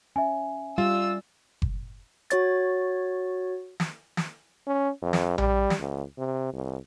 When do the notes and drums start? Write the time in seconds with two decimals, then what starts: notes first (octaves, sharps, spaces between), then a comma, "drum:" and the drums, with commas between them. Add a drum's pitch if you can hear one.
0.16 C#4 E5 G#5
0.78 G3 F4 E6
1.62 drum: kick F#1
2.30 F#4 C#5 A6, drum: hi-hat
3.80 drum: snare
4.17 drum: snare
4.67 C#4
5.02 F2
5.13 drum: snare
5.38 G3, drum: tom A#1
5.70 drum: snare
5.80 C#2
6.18 C3
6.53 C2